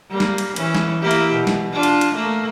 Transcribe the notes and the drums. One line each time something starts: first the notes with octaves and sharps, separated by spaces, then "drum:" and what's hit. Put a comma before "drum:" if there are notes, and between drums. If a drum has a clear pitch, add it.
G3 A#3
drum: snare
drum: cymbal
E3 C#4, drum: cymbal
drum: snare
A#3 E4 G4
drum: cymbal
B2
drum: snare
D4 F4
drum: cymbal
drum: cymbal
A3 A#3